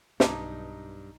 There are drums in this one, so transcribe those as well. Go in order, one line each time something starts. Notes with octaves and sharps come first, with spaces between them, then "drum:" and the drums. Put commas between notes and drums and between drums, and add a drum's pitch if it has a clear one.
B1 G2 D#4 D5 A5 D6, drum: snare